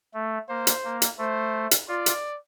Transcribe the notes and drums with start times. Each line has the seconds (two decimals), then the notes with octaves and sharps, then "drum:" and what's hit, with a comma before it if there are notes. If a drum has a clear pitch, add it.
0.14 A3
0.49 A#3 C5
0.67 drum: hi-hat
0.84 A#3
1.02 drum: hi-hat
1.18 A3 C5
1.71 drum: hi-hat
1.88 F4 D5
2.06 drum: hi-hat